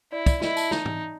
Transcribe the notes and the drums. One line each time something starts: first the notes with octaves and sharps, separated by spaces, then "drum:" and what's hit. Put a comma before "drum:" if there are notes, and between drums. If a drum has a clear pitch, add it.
E4 D5
D5, drum: kick, tambourine
E4 D#5, drum: snare
A5, drum: tambourine
D#4, drum: snare
drum: tom G#2